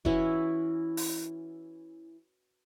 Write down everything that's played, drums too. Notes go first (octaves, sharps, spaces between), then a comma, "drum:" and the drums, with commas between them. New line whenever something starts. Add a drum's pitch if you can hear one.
E3 C#4 E4 F#4, drum: kick F1
drum: open hi-hat